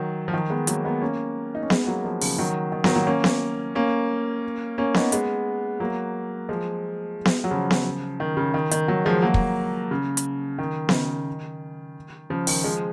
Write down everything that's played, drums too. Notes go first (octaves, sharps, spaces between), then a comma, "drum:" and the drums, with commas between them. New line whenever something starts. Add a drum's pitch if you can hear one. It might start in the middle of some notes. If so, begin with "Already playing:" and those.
Already playing: D#3 F#3
F3
D#3
G#3 B3
F#3 A#3, drum: hi-hat
G#3 B3
A#3 C#4
D#4
C#4
G#3 B3, drum: snare B3
F#3 A#3
F3 G#3
C#3 F3, drum: open hi-hat
D#3 F#3
D#3
D#3 F#3, drum: snare B3
F#3 A#3
A#3 C#4
drum: snare B3
A#3 C#4
A#3 C#4
B3 D#4, drum: snare B3
G#3 B3, drum: hi-hat
F#3 A#3
F3 G#3
drum: snare B3
F#3
C#3 F3
drum: snare B3
D#3
C#3
D#3
D#3, drum: hi-hat
D#3 F#3
F3 G#3
F#3 A#3
drum: kick
C#3
drum: hi-hat
D#3
C#3, drum: snare B3
D#3
C#3 F3
D#3, drum: open hi-hat
F3 G#3